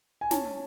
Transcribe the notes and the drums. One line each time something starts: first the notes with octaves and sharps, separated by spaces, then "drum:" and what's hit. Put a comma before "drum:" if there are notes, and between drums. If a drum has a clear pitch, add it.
G#5
C#4 A5, drum: snare